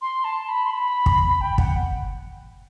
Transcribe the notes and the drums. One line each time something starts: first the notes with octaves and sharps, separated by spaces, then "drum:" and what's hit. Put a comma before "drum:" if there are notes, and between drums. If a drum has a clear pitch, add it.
C6
A5
B5
C6
B5
drum: kick
G5
F#5, drum: kick